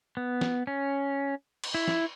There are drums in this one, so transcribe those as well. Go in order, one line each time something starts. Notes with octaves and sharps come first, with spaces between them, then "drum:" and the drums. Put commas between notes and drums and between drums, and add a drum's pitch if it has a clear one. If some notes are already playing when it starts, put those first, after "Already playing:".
B3
drum: snare
C#4
drum: cymbal
E4
drum: snare